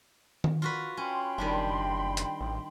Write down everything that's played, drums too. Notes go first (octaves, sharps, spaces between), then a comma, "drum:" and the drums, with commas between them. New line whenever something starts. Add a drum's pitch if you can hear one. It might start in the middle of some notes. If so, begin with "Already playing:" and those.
drum: tom D#3
F4 F#4 B4
C#4 G5 B5 C6
F#1 D#3 G3 D4
drum: hi-hat
A1